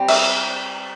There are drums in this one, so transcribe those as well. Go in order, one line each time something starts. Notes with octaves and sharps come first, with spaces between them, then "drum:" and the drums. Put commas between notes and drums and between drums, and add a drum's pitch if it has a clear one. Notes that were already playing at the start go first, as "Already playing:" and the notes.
Already playing: G3 C4
E5, drum: cymbal